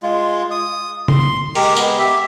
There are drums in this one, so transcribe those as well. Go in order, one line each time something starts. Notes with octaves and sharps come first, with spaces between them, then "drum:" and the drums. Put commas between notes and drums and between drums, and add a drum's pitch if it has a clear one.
G#3 F4
D#6
C6, drum: tom C#3
G#3 G4 A#4, drum: open hi-hat
G#3 B3, drum: tambourine
G4 E5